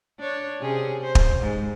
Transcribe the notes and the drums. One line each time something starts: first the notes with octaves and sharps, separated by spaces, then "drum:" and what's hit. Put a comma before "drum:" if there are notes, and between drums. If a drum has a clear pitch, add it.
D4 C#5
C3 C#4 G#4
C5
drum: kick
G#2